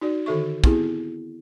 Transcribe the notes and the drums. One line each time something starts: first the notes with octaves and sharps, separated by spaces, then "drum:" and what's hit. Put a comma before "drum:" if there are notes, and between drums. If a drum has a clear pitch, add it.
D#4 F#4 D5
D3 D#3 F#4 A4 E5 C#6
B3 C4 E4 G4 G#4, drum: kick